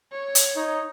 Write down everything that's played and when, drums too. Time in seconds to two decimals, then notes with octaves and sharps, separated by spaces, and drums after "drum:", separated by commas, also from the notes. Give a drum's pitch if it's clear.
0.12 C#5
0.35 drum: hi-hat
0.56 D#4